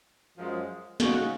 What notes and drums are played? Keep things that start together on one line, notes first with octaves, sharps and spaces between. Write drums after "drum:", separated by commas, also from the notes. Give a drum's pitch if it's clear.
F#2 F3 G#3
C#3 G#3 D#4 F#4, drum: snare